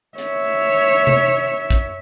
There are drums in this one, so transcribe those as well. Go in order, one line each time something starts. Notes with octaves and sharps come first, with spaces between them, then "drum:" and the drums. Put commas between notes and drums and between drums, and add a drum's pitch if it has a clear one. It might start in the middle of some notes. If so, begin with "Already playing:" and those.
C#5 E5, drum: hi-hat
drum: tom C3
drum: kick